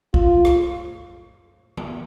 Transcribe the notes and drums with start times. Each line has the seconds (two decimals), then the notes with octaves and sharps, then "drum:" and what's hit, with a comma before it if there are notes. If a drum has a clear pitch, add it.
0.14 F4, drum: kick
0.45 drum: rim click
1.77 drum: tom D#3